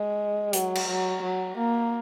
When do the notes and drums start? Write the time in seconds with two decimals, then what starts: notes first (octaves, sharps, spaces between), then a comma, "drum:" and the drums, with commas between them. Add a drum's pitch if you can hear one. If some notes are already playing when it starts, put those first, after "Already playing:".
Already playing: G#3
0.53 F#3, drum: hi-hat
0.75 drum: cymbal
0.88 F#3
1.23 F#3
1.58 A#3